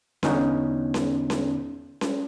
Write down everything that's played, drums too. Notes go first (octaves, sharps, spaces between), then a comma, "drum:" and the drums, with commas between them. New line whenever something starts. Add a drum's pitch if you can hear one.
E2 D3 B3 C#4 D#4, drum: snare C#4
drum: snare C#4
drum: snare C#4
drum: snare C#4